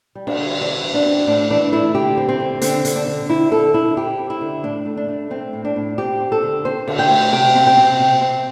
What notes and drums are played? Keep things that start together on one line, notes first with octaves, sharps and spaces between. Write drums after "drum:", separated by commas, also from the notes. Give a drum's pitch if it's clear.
G3
D4, drum: cymbal
D3
E3 D4
E3
D4
C4
A2 D4
E3 D4
A3 E4
D3 G4
C4
C4
D3
D3 C4, drum: hi-hat
D3, drum: hi-hat
D4
D3
C4 E4
D3 A4
D3 E4
C4 G4
C4
E4
D3
A2 D4
A3
D4
A3
A3 C4
A2
D4
A2
C4 G4
C4
A4
D3
C4 C5
D3, drum: cymbal
G5
A3
C3 G5
C4
G5
C4
C3
C4